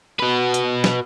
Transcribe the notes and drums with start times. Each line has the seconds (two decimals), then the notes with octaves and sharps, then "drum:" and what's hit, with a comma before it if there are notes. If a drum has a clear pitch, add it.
0.20 F#4 B4
0.54 drum: hi-hat
0.84 drum: snare